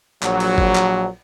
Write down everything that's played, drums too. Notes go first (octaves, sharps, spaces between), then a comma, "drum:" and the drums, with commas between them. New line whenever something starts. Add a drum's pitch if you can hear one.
A#1 F#3, drum: clap
drum: cymbal
drum: kick G1
drum: clap